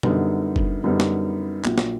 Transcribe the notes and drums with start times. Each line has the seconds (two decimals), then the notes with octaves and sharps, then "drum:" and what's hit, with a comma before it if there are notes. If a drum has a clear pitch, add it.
0.03 F#2 D3 G3 B3 D#4, drum: tom B2
0.56 drum: kick F#1
0.84 F#2 D3 G3 B3 D#4
1.00 drum: snare
1.64 A#1 A#2 F#3, drum: clap
1.78 drum: snare